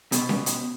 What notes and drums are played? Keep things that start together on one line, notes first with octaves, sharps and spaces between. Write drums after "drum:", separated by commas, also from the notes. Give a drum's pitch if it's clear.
B2, drum: hi-hat
drum: snare C#4
drum: hi-hat